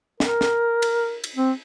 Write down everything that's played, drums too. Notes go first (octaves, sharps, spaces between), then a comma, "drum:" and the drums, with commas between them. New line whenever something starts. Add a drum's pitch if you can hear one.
A#4, drum: snare
drum: snare
drum: cymbal
drum: cymbal
C4